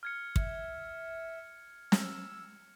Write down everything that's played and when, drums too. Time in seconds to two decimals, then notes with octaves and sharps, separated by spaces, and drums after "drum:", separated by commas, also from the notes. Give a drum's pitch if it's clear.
0.03 F6 G#6 C#7
0.36 E5, drum: kick
1.92 E6, drum: snare